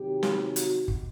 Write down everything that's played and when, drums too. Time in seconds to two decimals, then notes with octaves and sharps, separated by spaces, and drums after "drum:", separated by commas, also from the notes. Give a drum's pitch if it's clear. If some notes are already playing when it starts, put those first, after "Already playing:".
Already playing: C3 D#3 F#3 G4
0.23 drum: snare
0.56 F#4, drum: hi-hat
0.88 drum: kick